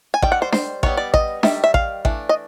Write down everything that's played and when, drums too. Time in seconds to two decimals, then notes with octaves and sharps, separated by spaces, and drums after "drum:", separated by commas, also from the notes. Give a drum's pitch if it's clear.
0.14 G#5
0.22 D#3 G3 G5, drum: kick A1
0.32 F#5
0.42 C5
0.53 C5, drum: snare D4
0.83 G3 B3 D#4 C#5, drum: kick A1
0.97 D5
1.14 D#5, drum: kick A1
1.43 D#3 G3 E5, drum: snare D4
1.64 E5
1.74 F5, drum: kick A1
2.05 E3 A3 D4, drum: kick A1
2.29 D#5